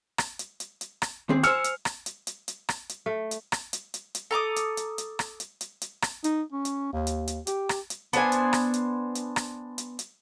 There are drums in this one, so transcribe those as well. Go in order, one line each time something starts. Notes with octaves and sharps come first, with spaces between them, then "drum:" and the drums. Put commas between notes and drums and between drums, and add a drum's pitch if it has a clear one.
drum: rim click
drum: hi-hat
drum: hi-hat
drum: hi-hat
drum: rim click
D#2 C4 G#4
C5 G#5 E6 F6 C#7, drum: hi-hat
drum: hi-hat
drum: rim click
drum: hi-hat
drum: hi-hat
drum: hi-hat
drum: rim click
drum: hi-hat
A3
drum: hi-hat
drum: rim click
drum: hi-hat
drum: hi-hat
drum: hi-hat
A4 A#5 D6 D#6
drum: hi-hat
drum: hi-hat
drum: hi-hat
drum: rim click
drum: hi-hat
drum: hi-hat
drum: hi-hat
drum: rim click
D#4, drum: hi-hat
C#4
drum: hi-hat
D#2
drum: hi-hat
drum: hi-hat
G4, drum: hi-hat
drum: rim click
drum: hi-hat
B3 D4 C5 G#5, drum: hi-hat
drum: hi-hat
drum: rim click
drum: hi-hat
drum: hi-hat
drum: rim click
drum: hi-hat
drum: hi-hat